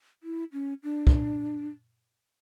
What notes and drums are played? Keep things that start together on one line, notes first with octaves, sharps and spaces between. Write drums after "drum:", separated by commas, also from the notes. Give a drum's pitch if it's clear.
E4
C#4
D4
drum: kick